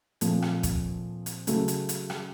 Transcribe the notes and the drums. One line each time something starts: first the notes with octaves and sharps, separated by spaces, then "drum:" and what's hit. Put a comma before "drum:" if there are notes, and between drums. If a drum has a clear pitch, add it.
A#2 F3 A3 C4, drum: hi-hat
drum: rim click
drum: kick, hi-hat
drum: hi-hat
C#3 F#3 A3 C#4, drum: hi-hat
drum: hi-hat
drum: hi-hat
drum: rim click